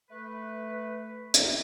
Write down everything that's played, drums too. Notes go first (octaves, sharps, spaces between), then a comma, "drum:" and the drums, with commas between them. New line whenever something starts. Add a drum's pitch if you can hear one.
A3 B4
drum: hi-hat